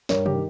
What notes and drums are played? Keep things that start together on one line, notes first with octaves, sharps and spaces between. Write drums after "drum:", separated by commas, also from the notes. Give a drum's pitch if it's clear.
G2 A#4 C#5, drum: snare
G4 A#4, drum: tom
D#3